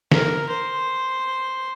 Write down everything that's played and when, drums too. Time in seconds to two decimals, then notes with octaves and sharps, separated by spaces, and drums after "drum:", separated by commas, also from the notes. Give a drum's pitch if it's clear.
0.12 A#4, drum: snare
0.49 C5